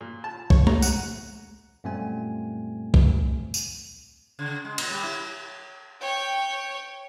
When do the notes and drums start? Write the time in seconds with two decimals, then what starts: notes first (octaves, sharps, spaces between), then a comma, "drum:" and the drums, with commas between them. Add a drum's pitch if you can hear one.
0.01 A#2
0.24 A5
0.50 C#5, drum: kick
0.67 A#5, drum: tom G#3
0.82 F#5, drum: tambourine
1.84 F#2 A#2 G3 A3 C4 G#5
2.94 drum: kick
3.54 drum: tambourine
4.39 C#3
4.65 G#3
4.78 A#2, drum: cymbal
4.90 G3
5.03 E4
6.01 C#5 G5